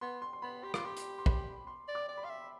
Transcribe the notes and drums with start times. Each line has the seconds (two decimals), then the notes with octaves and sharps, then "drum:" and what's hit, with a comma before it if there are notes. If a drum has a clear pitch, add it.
0.01 B3 C6
0.22 C6
0.33 C6
0.42 B3 B5
0.63 G4 C6
0.74 F4 D6, drum: rim click
0.85 G4 C6
0.97 drum: hi-hat
1.18 C6
1.26 B5, drum: kick
1.67 C6
1.88 D5
1.95 D6
2.09 D5
2.17 B5
2.23 F5 C6
2.30 E5